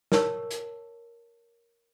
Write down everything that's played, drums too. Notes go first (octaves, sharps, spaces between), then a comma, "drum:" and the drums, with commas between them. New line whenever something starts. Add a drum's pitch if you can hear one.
A#4 C#5 A5 C#6 E6, drum: snare
drum: hi-hat